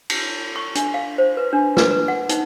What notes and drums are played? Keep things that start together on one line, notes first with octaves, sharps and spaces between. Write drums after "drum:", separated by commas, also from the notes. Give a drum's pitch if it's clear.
drum: cymbal
C#6
D4, drum: hi-hat
F5
C5
B4
D4
B4, drum: snare
B4
F#5
D#4, drum: hi-hat